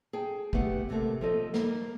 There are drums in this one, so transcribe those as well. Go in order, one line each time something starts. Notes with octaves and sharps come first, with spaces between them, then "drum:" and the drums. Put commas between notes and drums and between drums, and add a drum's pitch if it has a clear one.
G#4 G5 A5
A3 B3 G4 F#5, drum: kick
D#2 C3 F3 A3 A#3
F3 A4 D#5
A#3, drum: snare